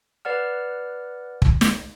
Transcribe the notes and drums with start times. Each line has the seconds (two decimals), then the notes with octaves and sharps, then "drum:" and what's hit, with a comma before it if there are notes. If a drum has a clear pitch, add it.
0.25 B4 D5 F#5 F6
1.42 drum: kick
1.61 drum: snare